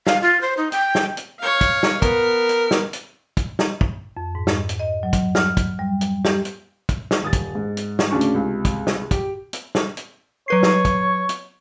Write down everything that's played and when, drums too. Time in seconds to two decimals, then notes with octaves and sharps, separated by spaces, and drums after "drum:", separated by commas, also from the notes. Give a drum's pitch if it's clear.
0.07 F5, drum: snare
0.22 F4
0.41 C5
0.57 D#4
0.72 G5, drum: hi-hat
0.95 drum: snare
1.17 drum: hi-hat
1.40 C#5 F5
1.61 drum: kick, hi-hat
1.83 drum: snare
2.02 B3 A#4, drum: kick, hi-hat
2.49 drum: hi-hat
2.71 drum: snare
2.93 drum: hi-hat
3.37 drum: kick, hi-hat
3.59 drum: snare
3.81 drum: kick
4.17 F2
4.35 G#2
4.47 drum: snare
4.69 drum: hi-hat
4.79 D#5
5.03 F#3
5.13 drum: kick, hi-hat
5.35 F6, drum: snare
5.57 drum: kick, hi-hat
5.79 G3
6.01 drum: hi-hat
6.25 G4, drum: snare
6.45 drum: hi-hat
6.89 drum: kick, hi-hat
7.11 drum: snare
7.22 D#1 D#6 A6
7.33 drum: kick, hi-hat
7.55 G#2
7.77 drum: hi-hat
7.99 drum: snare
8.11 D2 C#3 C#4 D4 C#6
8.21 drum: hi-hat
8.34 C#2 C3
8.65 drum: kick, hi-hat
8.87 drum: snare
9.11 G4, drum: kick, hi-hat
9.53 drum: hi-hat
9.75 drum: snare
9.97 drum: hi-hat
10.48 F#3 B4 C#5 C7
10.63 drum: snare
10.85 drum: kick, hi-hat
11.29 drum: hi-hat